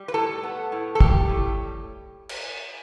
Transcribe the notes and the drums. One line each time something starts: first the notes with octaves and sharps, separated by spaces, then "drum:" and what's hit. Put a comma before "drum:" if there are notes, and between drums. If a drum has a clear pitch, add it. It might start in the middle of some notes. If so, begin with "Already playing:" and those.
Already playing: G3
B4
A2 A4
B3
A2
A4
G3 G4, drum: kick
A2
drum: cymbal